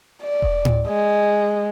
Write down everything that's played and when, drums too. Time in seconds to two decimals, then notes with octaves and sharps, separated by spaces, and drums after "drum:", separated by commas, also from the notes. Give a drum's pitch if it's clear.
0.23 D5
0.42 drum: kick E1
0.65 drum: tom A2
0.88 G#3